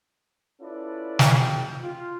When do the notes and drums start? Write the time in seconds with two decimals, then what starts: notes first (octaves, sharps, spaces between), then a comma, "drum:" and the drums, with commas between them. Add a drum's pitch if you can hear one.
0.61 C#4 E4 F4 A4 B4 D5
1.19 drum: snare
1.34 F#1 G5
1.81 F4